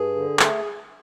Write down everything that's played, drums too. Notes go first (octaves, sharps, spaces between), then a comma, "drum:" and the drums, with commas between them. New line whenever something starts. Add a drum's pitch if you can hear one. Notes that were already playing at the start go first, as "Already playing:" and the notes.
Already playing: G2 G#4
D3
A3, drum: clap